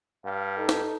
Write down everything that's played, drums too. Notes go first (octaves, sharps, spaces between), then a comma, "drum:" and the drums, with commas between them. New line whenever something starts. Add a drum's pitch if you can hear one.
G2 F5
D#4 A4
drum: snare